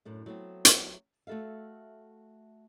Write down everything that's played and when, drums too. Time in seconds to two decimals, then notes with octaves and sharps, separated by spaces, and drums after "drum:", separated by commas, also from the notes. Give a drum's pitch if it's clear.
0.05 F#2 A2 D4
0.26 F#3 A3 B3 C4
0.65 drum: hi-hat
1.27 A3 F#4 A4 E5 F5